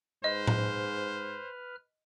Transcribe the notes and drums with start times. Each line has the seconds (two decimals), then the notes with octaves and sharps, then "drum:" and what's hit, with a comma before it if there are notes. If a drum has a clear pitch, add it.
0.24 G#2 B4 C5 D#5 F6
0.47 drum: tom A2